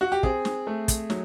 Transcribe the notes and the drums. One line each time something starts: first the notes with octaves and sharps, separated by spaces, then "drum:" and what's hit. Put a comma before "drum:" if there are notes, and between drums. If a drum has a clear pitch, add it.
F#4
G4
C4 G#4, drum: kick
drum: snare
A3
drum: kick, hi-hat
F#3, drum: snare